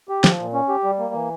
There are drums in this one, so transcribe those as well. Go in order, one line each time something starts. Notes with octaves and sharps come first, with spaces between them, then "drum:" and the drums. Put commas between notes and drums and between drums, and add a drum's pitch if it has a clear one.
G4
F3, drum: snare
A#2
C#4
G4
G3
A#3
E3